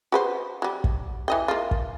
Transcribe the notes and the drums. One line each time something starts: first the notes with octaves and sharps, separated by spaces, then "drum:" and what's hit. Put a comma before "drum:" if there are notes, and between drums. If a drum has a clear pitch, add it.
F#4 B4 C5
F#3 G3
drum: kick
E3 D#5 G5
A#3 F4
drum: kick